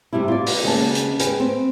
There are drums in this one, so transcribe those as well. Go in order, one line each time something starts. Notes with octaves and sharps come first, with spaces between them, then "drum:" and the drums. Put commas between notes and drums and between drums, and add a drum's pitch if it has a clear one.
G2 C3 G3 D4 E4
F4 F#4 D5
drum: open hi-hat
D#2 C#3 G#3 C#4 F#4 A5
drum: hi-hat
G#4 B4 G5, drum: hi-hat
C4